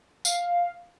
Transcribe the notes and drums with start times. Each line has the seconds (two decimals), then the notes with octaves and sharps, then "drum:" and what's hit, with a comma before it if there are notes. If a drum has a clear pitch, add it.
0.25 F5, drum: tambourine